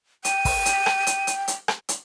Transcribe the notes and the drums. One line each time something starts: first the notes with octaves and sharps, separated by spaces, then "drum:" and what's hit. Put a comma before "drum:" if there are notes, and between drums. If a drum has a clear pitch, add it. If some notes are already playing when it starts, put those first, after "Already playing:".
G5 D#7, drum: hi-hat
drum: kick, open hi-hat
drum: hi-hat
drum: rim click
drum: hi-hat
drum: hi-hat
drum: hi-hat
drum: rim click
drum: hi-hat